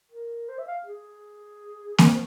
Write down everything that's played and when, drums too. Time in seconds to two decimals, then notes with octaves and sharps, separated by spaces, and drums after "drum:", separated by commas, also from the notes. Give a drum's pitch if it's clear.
0.12 A#4
0.49 C5
0.58 E5
0.68 F5
0.86 G#4
1.98 A#4, drum: snare A#3
2.08 C5